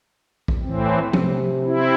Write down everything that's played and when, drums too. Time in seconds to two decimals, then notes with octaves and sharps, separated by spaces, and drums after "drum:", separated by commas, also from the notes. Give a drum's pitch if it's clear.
0.48 drum: kick
0.63 A2 E3 C4
1.13 C3, drum: tom F3
1.65 C4 E4